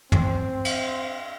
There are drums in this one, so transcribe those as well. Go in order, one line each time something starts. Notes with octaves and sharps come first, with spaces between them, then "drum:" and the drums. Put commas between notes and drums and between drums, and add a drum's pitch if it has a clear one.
C4, drum: tom
drum: cymbal